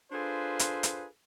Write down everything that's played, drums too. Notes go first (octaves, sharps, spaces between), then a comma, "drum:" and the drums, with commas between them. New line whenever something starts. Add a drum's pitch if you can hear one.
D4 F4 G#4 A4 B4 C5
drum: hi-hat
drum: hi-hat